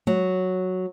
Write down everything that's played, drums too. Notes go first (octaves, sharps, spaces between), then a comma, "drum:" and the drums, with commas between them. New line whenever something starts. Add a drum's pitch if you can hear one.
F#3, drum: tom G#3